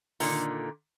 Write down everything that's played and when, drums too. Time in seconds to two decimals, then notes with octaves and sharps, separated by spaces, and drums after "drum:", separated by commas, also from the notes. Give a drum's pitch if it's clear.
0.20 A#2 D3 D#3, drum: open hi-hat